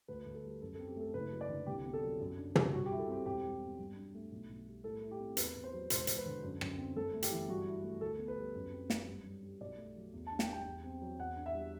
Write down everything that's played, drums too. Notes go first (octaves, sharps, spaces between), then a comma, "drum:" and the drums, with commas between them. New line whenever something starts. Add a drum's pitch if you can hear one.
D2 B4
D2
A4
G3
F#2 A4
A4
C4
G4
A3 A4
F#1 B4
F#3
D5
D3
C2 G4
B3
A4
F#3
F#2
D4
G3, drum: tom
G2 F#4
G4
E4
A4
C4 G4
E1 G4
G3
B2
G2
D4
A3
B1
B1
G3
A2 A4
E4
G4
C4
E2 B4, drum: hi-hat
E2
C5
F#3
E1 C5, drum: hi-hat
E1, drum: hi-hat
B4
D3
F#2
F#2, drum: rim click
C4
G1 A4
A3
G4, drum: hi-hat
E3
G2 F#4
E4
A3
D2 A4
B3
B4
G3
F#2
C4
G3, drum: snare
G2
G2
G3
B1 D5
A3
F#3
E2
A5
D4
G5, drum: snare
G3 G5
E2
C4
F#3
E2 F#5
D4
E5
G3